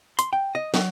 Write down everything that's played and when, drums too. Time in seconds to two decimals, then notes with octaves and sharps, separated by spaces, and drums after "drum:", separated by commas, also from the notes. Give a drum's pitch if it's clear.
0.19 C6, drum: hi-hat
0.33 G5
0.55 D#5
0.74 F#3, drum: snare